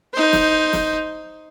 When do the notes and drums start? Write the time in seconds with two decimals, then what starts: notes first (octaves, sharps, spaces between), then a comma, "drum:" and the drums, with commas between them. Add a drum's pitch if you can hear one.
0.13 D#4 C5
0.33 drum: snare
0.73 drum: snare